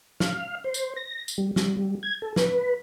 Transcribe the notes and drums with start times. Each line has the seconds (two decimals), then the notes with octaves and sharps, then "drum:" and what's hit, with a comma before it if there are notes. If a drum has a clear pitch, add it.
0.20 F5, drum: snare
0.64 C5
0.74 drum: tambourine
0.96 A#6
1.28 drum: tambourine
1.38 G3
1.56 G3, drum: snare
1.77 G3
2.03 G#6
2.22 A4
2.36 B4, drum: snare